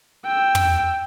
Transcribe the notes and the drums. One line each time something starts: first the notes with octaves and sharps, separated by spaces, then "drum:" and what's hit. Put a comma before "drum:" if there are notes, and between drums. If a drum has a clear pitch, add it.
G5 E6
drum: tom